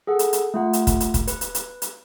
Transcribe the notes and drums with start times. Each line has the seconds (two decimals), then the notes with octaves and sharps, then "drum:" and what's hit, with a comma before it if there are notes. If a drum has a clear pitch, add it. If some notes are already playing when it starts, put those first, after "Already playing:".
0.07 G#4 A4 F#5
0.19 drum: hi-hat
0.33 drum: hi-hat
0.54 A3 F4 F#5
0.73 drum: hi-hat
0.87 drum: kick, hi-hat
1.00 drum: hi-hat
1.14 drum: kick, hi-hat
1.27 B4, drum: hi-hat
1.41 drum: hi-hat
1.55 drum: hi-hat
1.82 drum: hi-hat